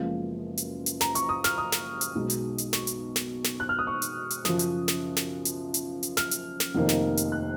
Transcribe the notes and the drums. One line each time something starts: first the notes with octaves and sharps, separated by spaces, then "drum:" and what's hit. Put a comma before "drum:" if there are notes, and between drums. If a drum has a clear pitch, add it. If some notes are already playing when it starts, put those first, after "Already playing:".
Already playing: F#1 F#2 F3 G#3 B3 F5
drum: hi-hat
drum: hi-hat
A#5, drum: snare
C#6, drum: hi-hat
D#6
F6, drum: snare
D#6
drum: snare
drum: hi-hat
B1 B2 G#3 D#4
drum: hi-hat
drum: hi-hat
C#6, drum: snare
drum: hi-hat
drum: snare
drum: snare
F#6
F6
D#6
C#6
drum: hi-hat
drum: hi-hat
F#2 C#3 F3 D#6, drum: snare
drum: hi-hat
drum: snare
drum: snare
drum: hi-hat
drum: hi-hat
drum: hi-hat
F6, drum: snare
drum: hi-hat
drum: snare
F1 F2 D#3 A#3 D#4
drum: snare
drum: hi-hat
F#6